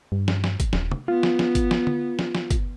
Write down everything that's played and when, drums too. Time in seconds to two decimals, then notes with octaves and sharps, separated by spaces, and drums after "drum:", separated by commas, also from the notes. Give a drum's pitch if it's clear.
0.12 G2
0.28 drum: snare
0.44 drum: snare
0.60 drum: kick, hi-hat
0.73 D#1, drum: snare
0.91 drum: tom
1.08 B3 F4
1.23 drum: snare
1.39 drum: snare
1.55 drum: kick, hi-hat
1.71 drum: snare
1.87 drum: tom D3
2.19 drum: snare
2.35 drum: snare
2.51 drum: kick, hi-hat